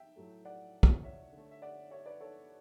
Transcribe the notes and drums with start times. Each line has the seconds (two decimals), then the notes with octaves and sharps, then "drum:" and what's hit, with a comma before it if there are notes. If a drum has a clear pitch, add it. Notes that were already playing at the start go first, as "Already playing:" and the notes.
Already playing: E5 G5
0.16 A2 F#3 A3
0.45 D5 F#5
0.83 drum: kick
1.03 C#5 E5
1.32 D3 A3
1.51 E5
1.62 D5 F#5
1.91 C#5 E5
2.06 B4 D5
2.20 A4 C#5